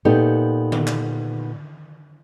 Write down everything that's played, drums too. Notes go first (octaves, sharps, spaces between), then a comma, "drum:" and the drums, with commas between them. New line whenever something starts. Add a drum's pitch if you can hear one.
A#2 B3 D#4 G4 A4
drum: tom D3
drum: clap